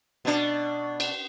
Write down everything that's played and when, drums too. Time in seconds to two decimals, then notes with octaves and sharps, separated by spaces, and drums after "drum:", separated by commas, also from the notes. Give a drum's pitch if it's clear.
0.25 B2 D4
1.00 drum: cymbal